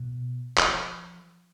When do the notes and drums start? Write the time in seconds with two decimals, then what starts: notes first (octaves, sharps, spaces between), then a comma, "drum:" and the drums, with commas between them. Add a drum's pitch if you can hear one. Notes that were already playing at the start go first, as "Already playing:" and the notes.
Already playing: B2
0.58 F3, drum: clap